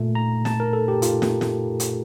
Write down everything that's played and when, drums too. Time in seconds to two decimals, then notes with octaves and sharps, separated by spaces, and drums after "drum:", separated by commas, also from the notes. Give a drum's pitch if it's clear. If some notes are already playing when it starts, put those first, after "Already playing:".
Already playing: A#2 A3
0.15 A#5
0.45 A5, drum: snare
0.60 A#4
0.73 A4
0.88 G4
1.02 F4, drum: hi-hat
1.22 drum: snare
1.41 drum: snare
1.80 drum: hi-hat